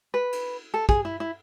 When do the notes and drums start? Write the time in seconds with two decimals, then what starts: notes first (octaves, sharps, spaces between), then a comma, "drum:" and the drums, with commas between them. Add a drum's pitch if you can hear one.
0.14 B4
0.32 drum: cymbal
0.74 A4
0.89 G#4, drum: kick
1.05 E4
1.20 E4